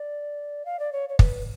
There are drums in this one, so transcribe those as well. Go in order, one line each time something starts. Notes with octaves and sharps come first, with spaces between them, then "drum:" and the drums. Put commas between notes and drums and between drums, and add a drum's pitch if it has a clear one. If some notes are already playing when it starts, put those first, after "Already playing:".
Already playing: D5
F5
D5
C#5
C#5
B4, drum: kick